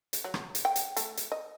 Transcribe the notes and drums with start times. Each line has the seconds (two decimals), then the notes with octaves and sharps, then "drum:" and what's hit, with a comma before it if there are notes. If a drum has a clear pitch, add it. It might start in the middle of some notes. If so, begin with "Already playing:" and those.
0.13 drum: hi-hat
0.24 F#3
0.34 drum: rim click
0.55 drum: hi-hat
0.65 G5
0.76 drum: hi-hat
0.97 A3, drum: hi-hat
1.17 drum: hi-hat
1.32 D#5